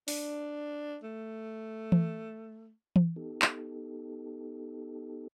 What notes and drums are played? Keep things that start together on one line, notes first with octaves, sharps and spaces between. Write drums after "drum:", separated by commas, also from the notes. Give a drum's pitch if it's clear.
D4, drum: open hi-hat
A3
drum: tom E3
drum: tom E3
B3 D#4 G4 A4
drum: clap